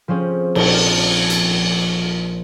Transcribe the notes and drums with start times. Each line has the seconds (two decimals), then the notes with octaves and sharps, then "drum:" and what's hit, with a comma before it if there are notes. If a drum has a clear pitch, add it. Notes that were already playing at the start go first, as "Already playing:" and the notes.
0.08 F3 C4 C#4 G#4
0.55 A#1 A5, drum: cymbal
1.30 drum: hi-hat